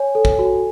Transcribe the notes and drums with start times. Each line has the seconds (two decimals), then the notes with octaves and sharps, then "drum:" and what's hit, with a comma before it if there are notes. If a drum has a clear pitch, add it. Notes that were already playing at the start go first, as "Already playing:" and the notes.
Already playing: C#5 G#5
0.15 A4
0.25 drum: kick
0.39 F#4